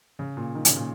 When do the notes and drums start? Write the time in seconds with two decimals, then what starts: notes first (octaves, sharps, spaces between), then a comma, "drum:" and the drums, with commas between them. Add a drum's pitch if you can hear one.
0.19 C#3
0.37 A#2
0.55 D#3
0.65 C#3, drum: hi-hat
0.76 A#2